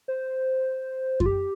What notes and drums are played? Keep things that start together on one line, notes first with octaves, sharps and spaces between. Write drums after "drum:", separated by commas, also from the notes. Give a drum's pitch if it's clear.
C5
F4, drum: kick F#2
G4